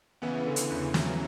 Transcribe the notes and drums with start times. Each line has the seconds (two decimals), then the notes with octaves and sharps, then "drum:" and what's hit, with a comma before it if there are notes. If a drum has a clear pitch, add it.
0.22 C#3 E3 B3
0.46 D3
0.56 drum: hi-hat
0.70 E2
0.94 F#3, drum: snare